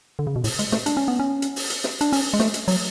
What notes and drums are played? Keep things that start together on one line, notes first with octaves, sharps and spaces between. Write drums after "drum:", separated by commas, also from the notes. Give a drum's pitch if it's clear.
D3
C#3
B2
A2, drum: open hi-hat
G#3, drum: hi-hat
A3, drum: snare
D4, drum: hi-hat
C#4
B3
C#4
drum: hi-hat
drum: open hi-hat
drum: hi-hat
drum: snare
D4, drum: hi-hat
C#4, drum: open hi-hat
G#3
A3, drum: snare
drum: hi-hat
F#3, drum: open hi-hat